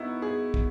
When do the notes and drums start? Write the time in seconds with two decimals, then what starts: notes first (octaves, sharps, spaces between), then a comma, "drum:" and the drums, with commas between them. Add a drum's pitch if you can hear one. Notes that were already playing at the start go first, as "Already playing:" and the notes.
Already playing: B3 D#4 E4 F#4 C#5
0.22 G#4
0.54 drum: kick